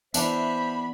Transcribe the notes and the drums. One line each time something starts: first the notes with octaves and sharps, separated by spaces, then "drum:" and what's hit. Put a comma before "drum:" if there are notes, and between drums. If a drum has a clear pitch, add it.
E3 B3 D4 C5 E5 B5, drum: tambourine